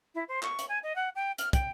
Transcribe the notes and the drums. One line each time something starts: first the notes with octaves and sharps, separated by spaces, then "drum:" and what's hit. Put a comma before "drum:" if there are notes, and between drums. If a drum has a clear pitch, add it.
E4
C5
C#6, drum: clap
drum: hi-hat
G#5
D#5
F#5
G5
F6, drum: hi-hat
G5, drum: kick, hi-hat